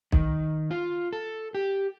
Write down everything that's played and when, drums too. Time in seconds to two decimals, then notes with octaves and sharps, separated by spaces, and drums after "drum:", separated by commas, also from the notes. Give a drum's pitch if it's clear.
0.12 D#3, drum: kick B1
0.71 F4
1.13 A4
1.55 G4